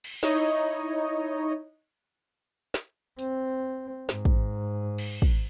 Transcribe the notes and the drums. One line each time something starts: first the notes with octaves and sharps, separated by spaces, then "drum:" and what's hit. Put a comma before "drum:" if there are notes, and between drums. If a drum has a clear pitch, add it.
drum: cymbal
D#4 E4 C#5 D#5, drum: snare
drum: tambourine
drum: snare
C4, drum: hi-hat
G#2, drum: snare
drum: kick
drum: cymbal
drum: kick